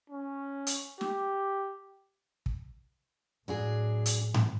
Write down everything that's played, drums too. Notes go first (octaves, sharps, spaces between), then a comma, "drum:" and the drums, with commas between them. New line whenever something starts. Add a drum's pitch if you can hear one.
C#4
drum: hi-hat
G4, drum: snare
drum: kick
A2 F#3 D4 G#4
drum: hi-hat
drum: tom G#2